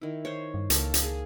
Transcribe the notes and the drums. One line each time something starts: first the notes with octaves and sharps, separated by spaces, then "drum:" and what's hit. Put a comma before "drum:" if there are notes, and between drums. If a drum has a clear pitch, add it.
D#3 E4
C5 C#5
G2
C#2 A#3 A4, drum: hi-hat
drum: hi-hat
G#4